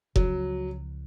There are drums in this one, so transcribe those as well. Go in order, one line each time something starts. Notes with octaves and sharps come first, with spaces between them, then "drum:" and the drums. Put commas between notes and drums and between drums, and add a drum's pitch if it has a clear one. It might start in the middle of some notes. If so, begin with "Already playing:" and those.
C#2 C#3 F3 F#3, drum: kick F1